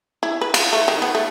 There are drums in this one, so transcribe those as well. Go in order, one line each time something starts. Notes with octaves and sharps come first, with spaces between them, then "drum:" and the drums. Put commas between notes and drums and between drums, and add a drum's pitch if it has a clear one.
E4
B4
F4, drum: cymbal
A3
D#3
B3
A3